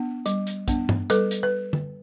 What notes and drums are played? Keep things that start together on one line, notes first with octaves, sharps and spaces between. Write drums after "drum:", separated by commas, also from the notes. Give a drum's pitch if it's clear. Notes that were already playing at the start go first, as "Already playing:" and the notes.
Already playing: B3 D4
G3, drum: hi-hat
drum: hi-hat
B3 D4, drum: kick, hi-hat
drum: tom G2
G3 A4 B4, drum: hi-hat
drum: hi-hat
B4
drum: tom D3